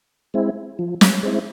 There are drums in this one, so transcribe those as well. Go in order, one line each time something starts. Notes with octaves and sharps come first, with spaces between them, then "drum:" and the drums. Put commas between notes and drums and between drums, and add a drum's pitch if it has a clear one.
G#3 C4 E4
F3
drum: snare
G#3 C4 E4